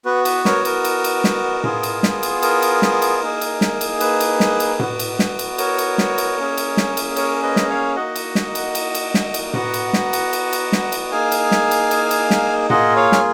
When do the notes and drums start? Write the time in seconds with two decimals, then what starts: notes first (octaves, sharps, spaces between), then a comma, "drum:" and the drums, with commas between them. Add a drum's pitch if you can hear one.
0.05 B3 F#4 B4
0.25 B4, drum: cymbal
0.45 A#4 C#5, drum: snare
0.65 A#4, drum: cymbal
0.84 drum: cymbal
1.04 drum: cymbal
1.24 drum: snare
1.64 B3 F4 G#4, drum: tom A2
1.83 drum: cymbal
2.03 drum: snare
2.23 drum: cymbal
2.43 A#4, drum: cymbal
2.62 drum: cymbal
2.82 drum: snare
3.02 drum: cymbal
3.22 A#3 D#4 G#4
3.41 drum: cymbal
3.61 drum: snare
3.81 drum: cymbal
4.01 B4, drum: cymbal
4.20 drum: cymbal
4.40 drum: snare
4.60 drum: cymbal
4.79 B3 F#4, drum: tom A2
4.99 drum: cymbal
5.19 drum: snare
5.39 drum: cymbal
5.58 A#4 C#5, drum: cymbal
5.78 drum: cymbal
5.98 drum: snare
6.18 drum: cymbal
6.38 A#3 C#4 G#4
6.57 drum: cymbal
6.77 drum: snare
6.97 drum: cymbal
7.16 A#4 C#5, drum: cymbal
7.43 B4 D#5
7.56 drum: snare
7.69 C#5 F5
7.96 A#3 D#4 F#4 D#5 F#5
8.16 drum: cymbal
8.35 drum: snare
8.55 drum: cymbal
8.75 drum: cymbal
8.95 drum: cymbal
9.14 drum: snare
9.34 drum: cymbal
9.54 B3 F#4 F#5 A#5, drum: tom A2
9.74 drum: cymbal
9.93 drum: snare
10.13 drum: cymbal
10.33 drum: cymbal
10.53 drum: cymbal
10.72 drum: snare
10.92 drum: cymbal
11.12 A#3 D#4 G#4 F5 G#5
11.32 drum: cymbal
11.51 drum: snare
11.71 drum: cymbal
11.91 drum: cymbal
12.11 drum: cymbal
12.30 drum: snare
12.70 A#3 F4 G#4 D#5 F#5, drum: tom A2
12.96 C#5 F5
13.12 G#5, drum: snare